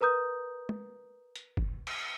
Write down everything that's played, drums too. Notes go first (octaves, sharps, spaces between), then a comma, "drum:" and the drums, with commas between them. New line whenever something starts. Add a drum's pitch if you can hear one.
A#4 B4 A#5 D#6 G6
drum: tom G#3
drum: hi-hat
drum: kick F#1
drum: cymbal